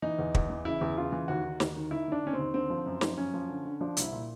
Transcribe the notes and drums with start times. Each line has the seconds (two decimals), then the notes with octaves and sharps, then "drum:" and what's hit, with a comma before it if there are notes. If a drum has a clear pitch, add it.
0.02 E3 D#4
0.19 E2
0.35 E2, drum: kick
0.50 E3
0.65 C#3 E4
0.81 E2
0.97 C#3 F4
1.12 E3
1.28 D#2 F#4
1.45 D#3
1.60 D#2, drum: snare
1.76 D#3
1.91 D#3 E4
2.08 D#3 D4
2.23 D#3 C#4
2.33 C4
2.39 D#2
2.54 D3 C4
2.70 F3
2.86 F#2
3.01 F3, drum: snare
3.17 F#2 C#4
3.34 F3
3.49 D3
3.65 D3
3.81 F3 D4
3.97 C2, drum: hi-hat
4.02 E4
4.12 A#2